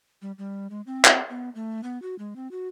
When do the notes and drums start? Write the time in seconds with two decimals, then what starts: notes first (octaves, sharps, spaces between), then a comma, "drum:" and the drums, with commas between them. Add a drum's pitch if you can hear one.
0.22 G3
0.38 G3
0.70 G#3
0.86 C4
1.05 drum: clap
1.29 B3
1.55 A3
1.83 B3
2.02 F#4
2.19 G#3
2.36 C4
2.51 F#4